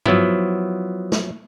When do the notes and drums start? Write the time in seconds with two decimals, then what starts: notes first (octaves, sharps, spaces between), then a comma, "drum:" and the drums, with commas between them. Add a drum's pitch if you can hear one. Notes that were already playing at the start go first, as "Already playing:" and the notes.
0.06 F3 F#3 B3 E4, drum: tom G2
1.12 drum: snare